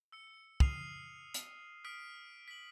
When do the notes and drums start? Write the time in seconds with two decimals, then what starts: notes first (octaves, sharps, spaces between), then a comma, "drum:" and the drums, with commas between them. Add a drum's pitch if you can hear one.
0.12 E6 C#7
0.60 D#6 F6 C7 D#7 F7, drum: kick
1.34 drum: hi-hat
1.85 D#6 F6 B6 D7
2.48 B6 F#7